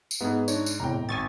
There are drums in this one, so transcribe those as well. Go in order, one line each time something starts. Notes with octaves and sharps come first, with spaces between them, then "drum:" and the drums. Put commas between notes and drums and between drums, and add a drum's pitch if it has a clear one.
drum: tambourine
G#2 B3 G#4
D4 D#4 C#5, drum: tambourine
drum: tambourine
E2 A2 C3 G5 A#5
G#1 G#5 C#6 A6